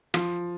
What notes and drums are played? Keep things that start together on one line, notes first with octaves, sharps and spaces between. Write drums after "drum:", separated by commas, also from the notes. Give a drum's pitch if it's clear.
F3, drum: rim click